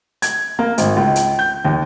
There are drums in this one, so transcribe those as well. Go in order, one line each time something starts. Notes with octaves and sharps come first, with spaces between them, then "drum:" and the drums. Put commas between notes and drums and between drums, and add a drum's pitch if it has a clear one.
G#6, drum: hi-hat
A#3
G#1, drum: hi-hat
C#2
drum: hi-hat
G6
D#2